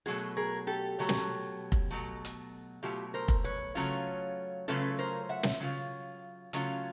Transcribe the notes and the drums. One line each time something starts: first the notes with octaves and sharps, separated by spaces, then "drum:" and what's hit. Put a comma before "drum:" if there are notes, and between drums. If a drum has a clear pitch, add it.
B2 F#3 A3 F#4 G#4
G#4 A#4
G4 A4
B2 F#3 A3
drum: snare
drum: kick F1
B2 F#3 A3
drum: hi-hat
B2 F#3 A3 F4 G4
A#4 C5
drum: kick F1
B4 C#5
C#3 F#3 A3 C#4 F4
C#3 F#3 A3 C#4 F4 A4 B4
A#4 C5
E5 F#5
drum: snare
C#3 F#3 F4
C#3 F#3 A3 C#4 F4, drum: hi-hat